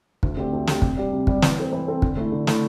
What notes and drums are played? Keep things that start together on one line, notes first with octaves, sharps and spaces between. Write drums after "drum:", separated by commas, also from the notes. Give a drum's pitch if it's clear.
D2, drum: kick
D3 A3 C4 G4
D2
D3 A3 C4 G4, drum: snare
C3, drum: kick
G3 D4 G4
C3
G3 D4 G4, drum: kick
E3, drum: snare
C4 A4 C5
E3
C4 A4 C5
D3, drum: kick
A3 E4
D3
A3 E4, drum: snare